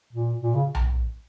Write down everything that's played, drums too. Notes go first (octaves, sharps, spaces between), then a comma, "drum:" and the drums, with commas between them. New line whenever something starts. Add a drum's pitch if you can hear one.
A#2
A#2
C#3
drum: tom B1